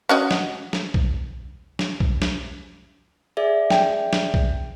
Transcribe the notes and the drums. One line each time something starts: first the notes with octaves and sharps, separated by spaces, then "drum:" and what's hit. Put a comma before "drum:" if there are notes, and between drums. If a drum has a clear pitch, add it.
C#4 F#4 D#5
drum: snare
drum: snare
drum: kick B1
drum: snare
drum: kick B1
drum: snare
G#4 D5 E5
G5, drum: snare
drum: snare
drum: kick B1